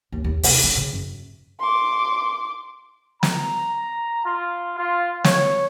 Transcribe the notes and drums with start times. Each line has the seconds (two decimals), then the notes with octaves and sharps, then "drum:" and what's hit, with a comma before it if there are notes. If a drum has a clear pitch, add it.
0.12 D#2
0.24 D#2
0.43 C3, drum: open hi-hat
0.64 C#4
0.75 C#3
0.93 F#2
1.60 C6 D6
3.23 A#5, drum: snare
4.25 F4
4.78 F4
5.24 C#5, drum: snare